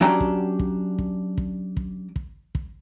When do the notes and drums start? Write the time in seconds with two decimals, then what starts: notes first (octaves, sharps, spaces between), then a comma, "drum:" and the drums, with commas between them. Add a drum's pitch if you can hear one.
0.01 F#3 C#4 D4 G4 G5 A#5
0.20 drum: kick
0.59 drum: kick
0.98 drum: kick
1.38 drum: kick
1.77 drum: kick
2.16 drum: kick
2.55 drum: kick